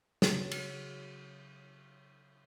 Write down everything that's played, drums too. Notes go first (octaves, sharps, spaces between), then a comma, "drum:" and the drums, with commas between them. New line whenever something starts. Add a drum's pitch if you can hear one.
C#3 F#3, drum: snare
drum: cymbal